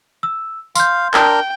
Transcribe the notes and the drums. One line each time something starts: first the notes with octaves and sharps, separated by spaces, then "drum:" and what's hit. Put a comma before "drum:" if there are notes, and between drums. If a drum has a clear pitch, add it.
E6
F5 C6 G6, drum: tambourine
D4 A#4 G5, drum: clap